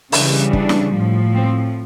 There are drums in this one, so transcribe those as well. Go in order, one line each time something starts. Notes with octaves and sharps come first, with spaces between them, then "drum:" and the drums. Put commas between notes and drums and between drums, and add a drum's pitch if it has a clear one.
C#3 E3 G3 D4, drum: open hi-hat
D4, drum: kick
drum: snare E4
A2 F3
C4